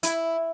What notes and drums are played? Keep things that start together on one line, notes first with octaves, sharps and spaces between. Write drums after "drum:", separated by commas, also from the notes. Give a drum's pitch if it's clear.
E4, drum: hi-hat